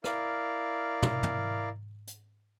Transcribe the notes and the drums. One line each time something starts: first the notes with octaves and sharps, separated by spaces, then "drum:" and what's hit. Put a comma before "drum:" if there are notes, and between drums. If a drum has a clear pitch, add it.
E4 A#4 D5 F5, drum: rim click
drum: tom
drum: tom
drum: hi-hat